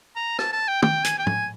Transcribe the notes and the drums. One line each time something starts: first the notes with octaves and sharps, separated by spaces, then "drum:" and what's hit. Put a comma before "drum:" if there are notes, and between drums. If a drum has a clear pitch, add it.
A#5
A5, drum: rim click
A5
G5
G5, drum: tom
G#5, drum: hi-hat
G5
G#5, drum: tom